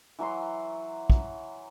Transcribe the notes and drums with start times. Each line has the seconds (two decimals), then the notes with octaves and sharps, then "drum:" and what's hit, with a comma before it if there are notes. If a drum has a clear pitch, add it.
0.19 E3 F#3 A#5 C6
1.10 drum: kick